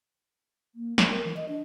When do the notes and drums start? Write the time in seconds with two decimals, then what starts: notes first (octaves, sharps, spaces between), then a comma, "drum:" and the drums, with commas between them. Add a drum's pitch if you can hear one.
0.75 A#3
0.98 B3, drum: snare
1.11 A#4
1.24 E3
1.36 D#5
1.48 D4